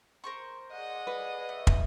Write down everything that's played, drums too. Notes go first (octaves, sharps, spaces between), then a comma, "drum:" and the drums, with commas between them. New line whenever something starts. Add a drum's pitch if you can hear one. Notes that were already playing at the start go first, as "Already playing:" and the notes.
A#4 C5 C#6
G#4 D5 D#5 F#5
B4
A3
drum: kick